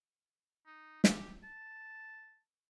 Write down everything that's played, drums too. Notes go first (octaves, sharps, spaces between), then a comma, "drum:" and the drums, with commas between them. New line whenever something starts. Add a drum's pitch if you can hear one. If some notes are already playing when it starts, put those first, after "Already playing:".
D#4
G4, drum: snare
A5